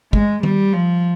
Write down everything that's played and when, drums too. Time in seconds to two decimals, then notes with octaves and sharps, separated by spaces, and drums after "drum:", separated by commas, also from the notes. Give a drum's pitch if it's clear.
0.13 G#3, drum: kick
0.43 G3, drum: tom D#3
0.73 F3